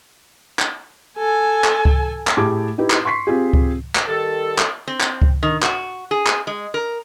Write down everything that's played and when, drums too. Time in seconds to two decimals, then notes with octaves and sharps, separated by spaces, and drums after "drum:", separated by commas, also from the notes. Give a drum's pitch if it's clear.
0.59 drum: clap
1.18 A4 G#5
1.64 drum: clap
1.85 drum: kick C#2
2.27 drum: clap
2.37 A2 G4 G#4 A5 D6 G#6
2.78 D#4 E4 G4 B4
2.90 drum: clap
3.05 C6 C#6 B6 C7
3.27 C4 F4 G4 G#4
3.53 drum: kick C#2
3.96 drum: clap
4.07 D#3 G3 A4
4.59 drum: clap
4.88 C4
5.01 drum: clap
5.22 drum: kick C#2
5.43 D#3
5.63 F#4, drum: clap
6.11 G#4
6.27 drum: clap
6.47 G#3
6.74 A#4